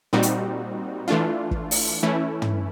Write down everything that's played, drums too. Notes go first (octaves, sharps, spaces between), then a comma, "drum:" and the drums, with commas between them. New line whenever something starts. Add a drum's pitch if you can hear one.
A#2 G3 C4 D#4 F#4
drum: hi-hat
E3 A3 D4 F4
drum: kick
drum: open hi-hat
E3 A3 C#4 E4
drum: tom